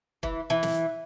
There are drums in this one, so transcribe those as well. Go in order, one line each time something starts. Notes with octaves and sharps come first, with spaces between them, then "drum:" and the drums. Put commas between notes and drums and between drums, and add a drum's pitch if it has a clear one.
E3, drum: kick E1
E3
drum: snare